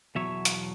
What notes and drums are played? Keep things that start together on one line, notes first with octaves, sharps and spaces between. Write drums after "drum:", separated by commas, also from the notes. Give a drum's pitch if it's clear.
E2 B2 F#3 C#5 E5
drum: hi-hat